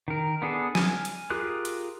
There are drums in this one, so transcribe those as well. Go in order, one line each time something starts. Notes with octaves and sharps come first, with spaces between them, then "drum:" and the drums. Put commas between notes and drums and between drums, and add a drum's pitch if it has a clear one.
D#3 A#4
B3 D4 G#4 A4
G#5 F6, drum: snare
drum: hi-hat
F4 G4 G#4 A#4 F#6
drum: hi-hat